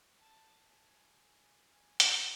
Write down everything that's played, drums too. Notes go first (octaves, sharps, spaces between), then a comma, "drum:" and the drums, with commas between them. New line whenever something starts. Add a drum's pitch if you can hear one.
A5
G#5
G#5
drum: hi-hat